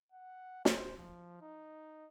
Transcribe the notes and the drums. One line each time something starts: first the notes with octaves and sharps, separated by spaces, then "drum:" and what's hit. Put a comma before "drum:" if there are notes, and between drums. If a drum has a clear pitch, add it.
F#5
C5, drum: snare
F3
D#4